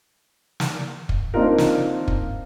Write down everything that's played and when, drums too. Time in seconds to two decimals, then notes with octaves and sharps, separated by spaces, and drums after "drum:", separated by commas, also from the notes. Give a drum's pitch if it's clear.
0.60 drum: snare
1.09 drum: kick
1.34 A#3 C4 D4 D#4 F4 A#4
1.58 drum: snare
2.08 drum: kick